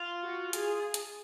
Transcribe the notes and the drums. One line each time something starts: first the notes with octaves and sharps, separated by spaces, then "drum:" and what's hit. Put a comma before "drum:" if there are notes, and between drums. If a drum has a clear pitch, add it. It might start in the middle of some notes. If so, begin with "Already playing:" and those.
Already playing: F4
F#4
G#4, drum: hi-hat
drum: hi-hat